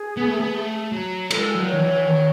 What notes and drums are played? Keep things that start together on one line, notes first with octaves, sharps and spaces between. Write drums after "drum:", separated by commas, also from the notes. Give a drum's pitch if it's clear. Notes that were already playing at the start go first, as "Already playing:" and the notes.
Already playing: G#4
B3
A3
B3
A3
F#3
G#3 A4, drum: cymbal
F#3
C#5
D#3
E3
D#3